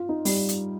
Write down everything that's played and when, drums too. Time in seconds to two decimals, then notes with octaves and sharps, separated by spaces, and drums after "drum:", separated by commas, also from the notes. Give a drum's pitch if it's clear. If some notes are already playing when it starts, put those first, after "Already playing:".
Already playing: F4
0.09 D#4
0.25 G3, drum: open hi-hat
0.49 drum: hi-hat